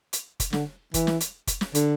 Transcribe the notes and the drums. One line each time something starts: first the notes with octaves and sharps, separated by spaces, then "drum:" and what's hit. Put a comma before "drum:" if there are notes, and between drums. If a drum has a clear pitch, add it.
drum: hi-hat
drum: kick F#1, hi-hat
D3, drum: snare
E3, drum: kick F#1, hi-hat
drum: snare
drum: hi-hat
drum: kick F#1, hi-hat
drum: snare
D3, drum: hi-hat